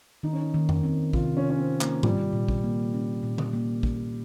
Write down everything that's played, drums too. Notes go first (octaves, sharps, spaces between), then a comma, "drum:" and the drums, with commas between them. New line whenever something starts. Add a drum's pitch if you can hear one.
D#3 D#4
C#4
D#4
D#3
drum: tom F2
C4
C3 F4, drum: kick
C#4
C3
C#4
C4
C#4
A#3, drum: clap
G3 F4, drum: tom G#2
A#2
drum: kick
A#3
C#4
A#2
drum: tom D3
A#3
drum: kick